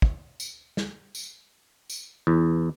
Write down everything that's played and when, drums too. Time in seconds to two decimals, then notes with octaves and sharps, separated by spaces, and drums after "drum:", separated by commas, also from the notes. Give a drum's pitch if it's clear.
0.02 drum: kick
0.40 drum: tambourine
0.77 drum: snare
1.15 drum: tambourine
1.90 drum: tambourine
2.27 E2